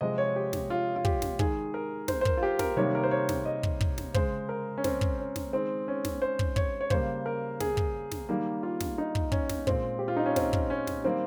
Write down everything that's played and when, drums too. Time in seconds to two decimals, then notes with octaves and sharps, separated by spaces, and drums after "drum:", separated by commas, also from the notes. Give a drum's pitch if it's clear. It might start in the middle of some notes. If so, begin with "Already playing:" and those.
0.01 C3 F3 G#3 D#5
0.18 C#5
0.36 G4
0.53 drum: snare
0.70 F4
0.96 F4
1.05 G4, drum: kick
1.22 drum: snare
1.39 D#3 G#3 G#4, drum: kick
1.74 A#4
2.08 C5, drum: snare
2.21 C5
2.25 A#4, drum: kick
2.37 F4
2.43 G4
2.59 A#4, drum: snare
2.77 C3 D#3 G3 A#3 C#5
2.95 A#4
3.03 C5
3.11 C#5
3.29 drum: snare
3.45 D#5
3.63 drum: kick
3.81 drum: kick
3.98 drum: snare
4.14 C#3 G#3 C5, drum: kick
4.49 A#4
4.78 C#4
4.84 C4, drum: snare
5.01 drum: kick
5.19 C#4
5.36 drum: snare
5.53 D#3 G#3 C4
5.88 C#4
6.05 drum: snare
6.22 C5
6.39 drum: kick
6.56 C#5, drum: kick
6.81 C#5
6.90 C#3 G3 A#3 C5, drum: kick
7.26 A#4
7.60 G#4, drum: snare
7.77 drum: kick
8.12 drum: snare
8.29 D#3 G3 A#3
8.63 F4
8.80 drum: snare
8.98 D#4
9.15 drum: kick
9.32 C#4, drum: kick
9.49 drum: snare
9.67 A#2 G#3 C4, drum: kick
9.99 G4
10.08 F4
10.17 D#4
10.26 C#4
10.36 C4, drum: snare
10.53 drum: kick
10.70 C#4
10.87 drum: snare
11.04 D#3 G3 A#3 C4